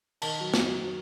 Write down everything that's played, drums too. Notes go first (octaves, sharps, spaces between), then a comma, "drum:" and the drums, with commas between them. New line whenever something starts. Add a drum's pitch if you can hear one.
D#3 A5, drum: cymbal
F#3
drum: snare